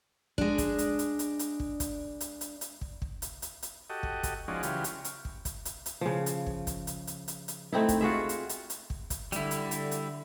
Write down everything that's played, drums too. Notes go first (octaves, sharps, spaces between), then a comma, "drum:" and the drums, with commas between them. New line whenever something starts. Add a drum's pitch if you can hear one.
G#3 D4, drum: kick
drum: kick, hi-hat
drum: hi-hat
drum: hi-hat
drum: hi-hat
drum: hi-hat
drum: kick
drum: kick, hi-hat
drum: hi-hat
drum: hi-hat
drum: hi-hat
drum: kick
drum: kick
drum: hi-hat
drum: hi-hat
drum: hi-hat
F#4 G4 A4 D#5
drum: kick
drum: kick, hi-hat
F3 G#3 C#4 D#4 F#4 D5
C#3 E3 F#3 F4 G4, drum: hi-hat
drum: hi-hat
drum: hi-hat
drum: kick
drum: kick, hi-hat
drum: hi-hat
drum: hi-hat
C#3 F3
drum: hi-hat
drum: kick
drum: kick, hi-hat
drum: hi-hat
drum: hi-hat
drum: hi-hat
drum: hi-hat
A3 C4 D#4 E4
drum: kick, hi-hat
F4 F#4 G#4 E5
drum: hi-hat
drum: hi-hat
drum: hi-hat
drum: kick
drum: kick, hi-hat
D3 G3 E4, drum: hi-hat
drum: hi-hat
drum: hi-hat
drum: hi-hat